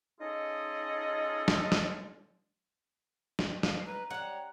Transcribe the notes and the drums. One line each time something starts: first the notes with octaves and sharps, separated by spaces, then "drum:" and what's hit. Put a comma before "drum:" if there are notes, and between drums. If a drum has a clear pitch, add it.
C#4 D#4 F4 G#4 A4 D#5
drum: snare
drum: snare
drum: snare
F5, drum: snare
B4 A#5
G3 G#3 C#5 F#5